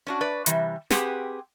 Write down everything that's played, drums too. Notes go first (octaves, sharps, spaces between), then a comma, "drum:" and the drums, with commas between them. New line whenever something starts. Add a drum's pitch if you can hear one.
C#4 D4 F#4
B4 D5
C3 E3 G3, drum: hi-hat
C4 G4 G#4 B4 F#5 G5, drum: snare